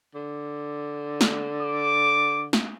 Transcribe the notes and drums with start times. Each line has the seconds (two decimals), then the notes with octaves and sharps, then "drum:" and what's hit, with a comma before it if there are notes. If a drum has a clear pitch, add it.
0.15 D3
1.21 drum: snare
1.61 D6
2.53 drum: snare